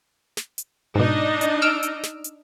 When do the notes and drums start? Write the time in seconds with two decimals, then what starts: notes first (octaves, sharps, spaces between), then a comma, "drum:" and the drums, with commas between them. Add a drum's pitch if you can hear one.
0.37 drum: snare
0.58 drum: hi-hat
0.95 G#2 B2 D4 D#4 D#5
1.41 drum: hi-hat
1.62 E6 F6 D7
1.83 drum: hi-hat
2.03 drum: snare
2.24 drum: hi-hat